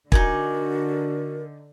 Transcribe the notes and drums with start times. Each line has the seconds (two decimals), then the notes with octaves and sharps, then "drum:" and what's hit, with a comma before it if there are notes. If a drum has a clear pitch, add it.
0.12 D3 D#4 F#4 A#4 D5 G#5, drum: kick